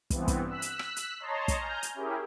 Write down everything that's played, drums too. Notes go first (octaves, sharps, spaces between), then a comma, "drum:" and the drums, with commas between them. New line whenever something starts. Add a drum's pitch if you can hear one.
G2 E3 B3 C4, drum: kick, hi-hat
drum: kick, hi-hat
E6 F#6 B6
drum: hi-hat
drum: rim click
drum: hi-hat
C#5 D#5 A5 A#5 C6
drum: kick, hi-hat
G#5 A#5 F6 G6
drum: hi-hat
C#4 E4 G4 G#4 A#4